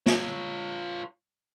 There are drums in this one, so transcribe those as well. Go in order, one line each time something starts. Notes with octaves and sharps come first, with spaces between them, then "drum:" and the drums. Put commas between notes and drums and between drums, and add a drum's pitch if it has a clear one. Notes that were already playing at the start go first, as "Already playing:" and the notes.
F4 C#5, drum: snare